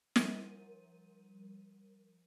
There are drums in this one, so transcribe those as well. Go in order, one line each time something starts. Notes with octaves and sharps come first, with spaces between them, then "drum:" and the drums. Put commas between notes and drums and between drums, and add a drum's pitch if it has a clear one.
F3 G3 A#4 D#7, drum: snare